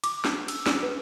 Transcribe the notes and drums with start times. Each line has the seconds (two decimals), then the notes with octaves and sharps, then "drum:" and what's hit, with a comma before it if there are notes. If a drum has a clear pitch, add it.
0.04 D6, drum: cymbal
0.25 drum: snare
0.48 E6, drum: cymbal
0.66 drum: snare
0.83 B4